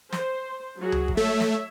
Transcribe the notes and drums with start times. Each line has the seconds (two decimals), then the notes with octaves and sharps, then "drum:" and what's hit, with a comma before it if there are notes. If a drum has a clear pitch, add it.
0.12 C5, drum: snare
0.79 F#3 F#4 G#4
0.92 drum: tom C#2
1.08 drum: kick
1.17 A3 C#5 E5
1.40 drum: snare